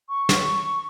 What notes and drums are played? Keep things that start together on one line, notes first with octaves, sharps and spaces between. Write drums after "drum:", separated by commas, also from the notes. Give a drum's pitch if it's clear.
C#6
drum: snare